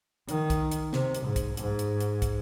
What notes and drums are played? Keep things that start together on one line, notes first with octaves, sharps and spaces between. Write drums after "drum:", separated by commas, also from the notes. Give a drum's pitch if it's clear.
D#3, drum: hi-hat
drum: kick, hi-hat
drum: hi-hat
C3, drum: snare
drum: hi-hat
G#2
drum: kick, hi-hat
G#2, drum: hi-hat
drum: hi-hat
drum: hi-hat
drum: kick, hi-hat